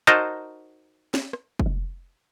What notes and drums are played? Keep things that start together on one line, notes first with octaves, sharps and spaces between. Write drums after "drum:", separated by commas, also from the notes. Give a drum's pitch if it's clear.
D#4 F#4 A#4 C5 D#5 A5, drum: hi-hat
drum: snare
drum: rim click
drum: kick